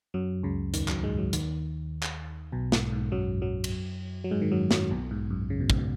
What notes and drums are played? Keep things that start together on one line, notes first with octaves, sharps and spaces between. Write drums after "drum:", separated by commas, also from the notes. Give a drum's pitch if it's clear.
F#2 F#3
C#2 C#3
D#2 D#3, drum: hi-hat
F#2 F#3, drum: clap
G#2 G#3
F#2 F#3
D#2 D#3, drum: hi-hat
drum: clap
B1 B2
G#2, drum: snare
G#2
F#2 F#3
F#2 F#3
drum: cymbal
F#3
G#2 G#3
D#3
F#2 F#3
F#2 F#3, drum: snare
B1 B2
G#2
F#2
C#3
B2
G#2, drum: kick
B2